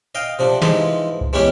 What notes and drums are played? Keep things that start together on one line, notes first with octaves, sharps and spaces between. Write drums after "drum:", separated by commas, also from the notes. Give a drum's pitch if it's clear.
D#5 F5 G5
C3 F3 D4
E3 F3 G#3 D#4, drum: snare
drum: kick
E3 G#3 B3 C#4 G4 G#4